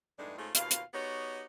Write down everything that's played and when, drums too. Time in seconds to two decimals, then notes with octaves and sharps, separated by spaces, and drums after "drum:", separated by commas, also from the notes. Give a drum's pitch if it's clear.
0.18 E2 G2 G#3 A3 D4 D#4
0.38 G#2 A3 C#4 F4 G#4
0.55 D#2 B2 F4 F5, drum: hi-hat
0.71 drum: hi-hat
0.94 B3 D#4 F#4 G4 C#5